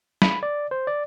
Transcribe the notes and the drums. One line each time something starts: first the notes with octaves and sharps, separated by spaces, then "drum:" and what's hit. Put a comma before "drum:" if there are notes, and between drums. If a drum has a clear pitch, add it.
B5, drum: snare
D5
C5
D5